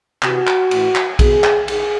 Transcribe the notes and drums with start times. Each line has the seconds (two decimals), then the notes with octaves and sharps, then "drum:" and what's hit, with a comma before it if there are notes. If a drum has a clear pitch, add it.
0.22 C3 E3 F#4, drum: clap
0.47 drum: clap
0.71 A2 E3, drum: cymbal
0.95 drum: clap
1.19 B2 G#4, drum: kick A#1, cymbal
1.44 drum: clap
1.68 D#3 G#4, drum: cymbal